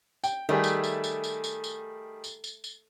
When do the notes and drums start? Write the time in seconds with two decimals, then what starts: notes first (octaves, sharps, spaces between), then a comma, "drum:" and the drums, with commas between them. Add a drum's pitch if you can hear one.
0.24 G5, drum: tambourine
0.49 D#3 G3 A3 G#4
0.64 drum: tambourine
0.84 drum: tambourine
1.04 drum: tambourine
1.24 drum: tambourine
1.44 drum: tambourine
1.64 drum: tambourine
2.24 drum: tambourine
2.44 drum: tambourine
2.64 drum: tambourine